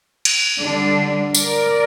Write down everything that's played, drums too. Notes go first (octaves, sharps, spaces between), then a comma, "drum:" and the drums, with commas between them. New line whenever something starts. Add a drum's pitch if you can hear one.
drum: cymbal
D3 G3 D4
A#4 D5, drum: tambourine